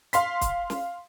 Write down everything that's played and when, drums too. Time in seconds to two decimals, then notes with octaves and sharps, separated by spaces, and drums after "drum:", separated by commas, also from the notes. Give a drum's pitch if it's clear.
0.13 F5 C6 B6, drum: hi-hat
0.41 drum: kick, hi-hat
0.70 drum: snare